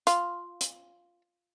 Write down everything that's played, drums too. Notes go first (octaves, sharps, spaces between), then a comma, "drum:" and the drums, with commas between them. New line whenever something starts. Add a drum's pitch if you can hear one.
F4, drum: hi-hat
drum: hi-hat